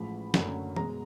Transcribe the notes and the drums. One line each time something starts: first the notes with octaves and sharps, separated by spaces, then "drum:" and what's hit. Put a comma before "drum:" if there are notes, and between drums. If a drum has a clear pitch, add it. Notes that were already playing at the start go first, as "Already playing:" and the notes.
Already playing: A1 A2 F3 G#3 B5
F#1 F#2 D3 F#3 A3, drum: snare
B2 G#3 A#5, drum: tom